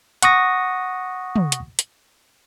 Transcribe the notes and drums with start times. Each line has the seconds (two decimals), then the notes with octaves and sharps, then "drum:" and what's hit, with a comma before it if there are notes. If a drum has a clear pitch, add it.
0.22 F#5 C#6 D#6 A#6, drum: hi-hat
1.36 drum: tom
1.52 drum: hi-hat
1.79 drum: hi-hat